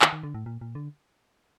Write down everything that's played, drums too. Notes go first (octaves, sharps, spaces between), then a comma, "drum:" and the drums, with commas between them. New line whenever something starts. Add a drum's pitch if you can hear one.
D#3, drum: clap
D#3
D3
A2
A#2
A#2
D3